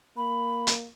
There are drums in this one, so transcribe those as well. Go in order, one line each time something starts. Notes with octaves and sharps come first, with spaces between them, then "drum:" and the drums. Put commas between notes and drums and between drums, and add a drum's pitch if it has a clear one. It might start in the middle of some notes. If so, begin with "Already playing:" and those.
A#3 B5
drum: hi-hat